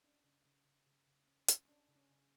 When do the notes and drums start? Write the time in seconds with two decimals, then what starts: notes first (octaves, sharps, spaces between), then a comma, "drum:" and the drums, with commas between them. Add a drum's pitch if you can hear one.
0.04 C#4 D4
0.24 C#3
0.45 C#3
0.65 C#3
0.86 C#3
1.07 C#3
1.27 C#4
1.48 C#4, drum: hi-hat
1.68 C#4 D4
1.89 C#3
1.96 C#4
2.10 C#3